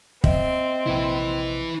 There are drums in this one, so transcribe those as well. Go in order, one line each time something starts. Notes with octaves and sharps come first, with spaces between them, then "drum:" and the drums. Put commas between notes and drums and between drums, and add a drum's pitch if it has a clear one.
C4 D#5 E5, drum: kick
A#1 C3 E4 B4